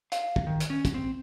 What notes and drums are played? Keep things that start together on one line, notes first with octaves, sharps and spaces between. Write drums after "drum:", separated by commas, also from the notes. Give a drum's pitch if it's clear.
F5, drum: hi-hat
drum: kick
D#3
drum: hi-hat
C#4
drum: kick, hi-hat
C4